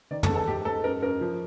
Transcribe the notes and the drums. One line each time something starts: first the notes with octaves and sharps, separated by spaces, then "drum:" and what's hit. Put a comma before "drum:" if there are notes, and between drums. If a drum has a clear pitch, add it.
D#3 D5
A4, drum: tom
E2
A4
G#2 G4
G#2 A4
F#2 A#4
F#2 A#4
F3